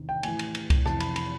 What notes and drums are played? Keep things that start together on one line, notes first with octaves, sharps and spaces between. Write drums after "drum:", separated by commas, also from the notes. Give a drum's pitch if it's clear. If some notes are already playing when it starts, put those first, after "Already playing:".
Already playing: E2 C3 D#3
G5
A2 E3 G#5, drum: cymbal
drum: cymbal
drum: cymbal
drum: kick C2, cymbal
F2 C3 E3 A5, drum: rim click
B5, drum: cymbal
B5, drum: cymbal